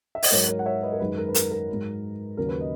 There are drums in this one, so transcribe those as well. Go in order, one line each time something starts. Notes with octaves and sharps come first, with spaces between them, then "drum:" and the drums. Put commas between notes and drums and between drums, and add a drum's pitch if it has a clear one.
E5
D#5, drum: open hi-hat
G#2 F#3 A#4 C#5
A#4 C#5
F#5
C#5 E5
B4 D#5
A#4
F#2 D#3 G#3 B4
A#4
B4
A#4, drum: hi-hat
A#4
G#2 F#3
D#2 C#3 F#3 A#4
B4
D#5